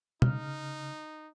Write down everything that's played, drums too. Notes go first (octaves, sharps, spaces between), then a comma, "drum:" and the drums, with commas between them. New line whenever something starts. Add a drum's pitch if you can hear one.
C#3 D#4 F6, drum: tom